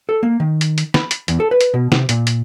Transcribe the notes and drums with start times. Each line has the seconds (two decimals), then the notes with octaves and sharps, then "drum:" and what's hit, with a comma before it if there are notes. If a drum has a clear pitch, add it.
0.09 A4
0.23 A#3
0.40 D#3
0.61 drum: hi-hat
0.78 drum: hi-hat
0.94 B5, drum: snare
1.11 drum: hi-hat
1.28 E2, drum: hi-hat
1.40 A4
1.51 B4
1.61 drum: hi-hat
1.74 B2
1.92 C3, drum: snare
2.09 A#2, drum: hi-hat
2.27 drum: hi-hat